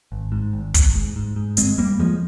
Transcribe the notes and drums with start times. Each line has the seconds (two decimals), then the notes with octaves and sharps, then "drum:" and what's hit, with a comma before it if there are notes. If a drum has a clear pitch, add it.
0.12 G#1
0.32 G#2
0.53 G#1
0.74 G#1, drum: kick, hi-hat
0.95 G#2
1.16 G#2
1.36 G#2
1.57 G1 G#3 C4, drum: hi-hat
1.78 F2 G3 A#3
1.99 F2 F3 G#3